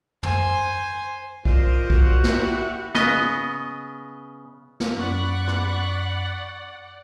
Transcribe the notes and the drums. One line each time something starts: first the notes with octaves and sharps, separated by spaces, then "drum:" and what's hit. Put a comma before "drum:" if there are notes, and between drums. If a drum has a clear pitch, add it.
C5 G#5, drum: tom
A#2 A#4 C5 D#5, drum: kick B1
F#4, drum: kick B1
E4 G4, drum: snare
C#3 B3 D#5, drum: snare
drum: snare
F#2 D5 F#5 B5 C#6 F#6
drum: rim click